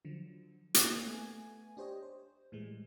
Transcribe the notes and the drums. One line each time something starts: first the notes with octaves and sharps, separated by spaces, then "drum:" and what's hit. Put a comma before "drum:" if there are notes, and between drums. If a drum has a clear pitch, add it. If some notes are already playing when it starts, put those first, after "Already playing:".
D3 F3 F#3
A#3, drum: hi-hat
A3 B3 G#5
D4 G4 C5 C#5 D#5
C5
A2 E3 G3 G#3